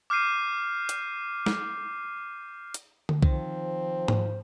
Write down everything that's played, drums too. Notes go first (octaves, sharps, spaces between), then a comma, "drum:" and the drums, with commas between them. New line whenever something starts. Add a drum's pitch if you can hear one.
D6 F6 G6 C7 D#7
drum: hi-hat
drum: snare
drum: hi-hat
drum: tom D3
D#3 F3 C4 C5, drum: kick B1
drum: tom G#2